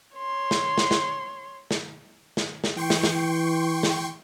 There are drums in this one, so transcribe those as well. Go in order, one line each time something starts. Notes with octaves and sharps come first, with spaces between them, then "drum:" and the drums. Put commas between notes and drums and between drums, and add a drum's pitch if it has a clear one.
C#5 C6
drum: snare
drum: snare
drum: snare
drum: snare
drum: snare
drum: snare
E3 G5 C6 C#6
drum: snare
drum: snare
drum: snare